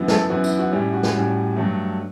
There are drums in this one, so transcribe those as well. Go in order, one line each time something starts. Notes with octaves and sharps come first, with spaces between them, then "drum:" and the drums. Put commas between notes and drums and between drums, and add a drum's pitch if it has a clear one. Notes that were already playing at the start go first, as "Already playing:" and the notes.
Already playing: F#2 E3 B3
A4, drum: snare
F#2 E3 B3 F#4
E4, drum: tambourine
F#4
A2 G3 C#4 E4
F#4
drum: snare
A2 G3 C#4
G2 F#3 A3